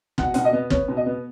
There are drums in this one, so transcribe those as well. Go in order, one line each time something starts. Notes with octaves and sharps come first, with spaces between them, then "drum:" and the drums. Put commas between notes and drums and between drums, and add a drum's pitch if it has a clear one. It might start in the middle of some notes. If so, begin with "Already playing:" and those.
B2 F#5, drum: kick
B2 F#5, drum: hi-hat
D#5
B3
B3 C#5, drum: kick
B2
D#5
B3